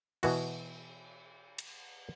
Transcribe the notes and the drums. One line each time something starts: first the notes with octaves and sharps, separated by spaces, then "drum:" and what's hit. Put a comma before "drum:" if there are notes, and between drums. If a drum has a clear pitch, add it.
B2 E3 F#4, drum: cymbal
drum: cymbal